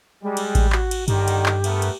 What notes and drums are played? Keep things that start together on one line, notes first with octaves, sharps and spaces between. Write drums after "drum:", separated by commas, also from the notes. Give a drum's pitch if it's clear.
G3 G#3
drum: cymbal
drum: kick A1, cymbal
F#4, drum: clap
drum: cymbal
G2 D3 D#3 G4, drum: cymbal
drum: cymbal
drum: clap
A3 B3 A#4, drum: cymbal
drum: cymbal